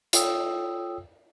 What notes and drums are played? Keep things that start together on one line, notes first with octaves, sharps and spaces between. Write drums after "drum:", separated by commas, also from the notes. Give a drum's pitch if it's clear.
F4 A4 C#5 G5 D#6 E6, drum: hi-hat